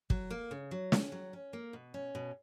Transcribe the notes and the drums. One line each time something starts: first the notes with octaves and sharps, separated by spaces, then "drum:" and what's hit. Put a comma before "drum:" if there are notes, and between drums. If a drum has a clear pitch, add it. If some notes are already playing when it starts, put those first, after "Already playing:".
F#3, drum: kick
A#3
C#3
F#3
C#4, drum: snare
F#3
C#4
A#3
B2
C#4
B2